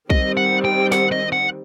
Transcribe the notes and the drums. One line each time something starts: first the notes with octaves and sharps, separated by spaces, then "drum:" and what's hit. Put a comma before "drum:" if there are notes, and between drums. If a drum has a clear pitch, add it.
D#3 G3 C4 D#5, drum: kick B1
F#5
G5
F#5, drum: snare
D#5
F#5